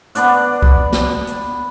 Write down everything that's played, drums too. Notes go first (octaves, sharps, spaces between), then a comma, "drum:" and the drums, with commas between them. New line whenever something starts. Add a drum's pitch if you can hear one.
B3 D4 D5 F#5, drum: hi-hat
drum: kick C2
drum: snare
drum: hi-hat